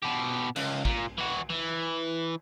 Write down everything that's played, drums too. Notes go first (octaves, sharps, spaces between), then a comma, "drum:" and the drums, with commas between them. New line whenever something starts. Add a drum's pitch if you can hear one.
B2 G4
C#2, drum: cymbal
A#2, drum: kick
E3 F#4
E3